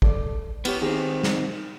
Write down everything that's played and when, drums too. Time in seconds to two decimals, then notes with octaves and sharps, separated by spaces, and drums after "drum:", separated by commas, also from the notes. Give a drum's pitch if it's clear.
0.02 A4 D5, drum: kick
0.65 B3 E4 G4 C#5, drum: cymbal
0.82 D#3 C4 G4 G#4 A#4
1.23 drum: snare